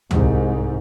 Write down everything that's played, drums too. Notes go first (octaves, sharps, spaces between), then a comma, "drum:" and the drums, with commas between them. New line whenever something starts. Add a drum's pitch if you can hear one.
C2 G#2, drum: tom D2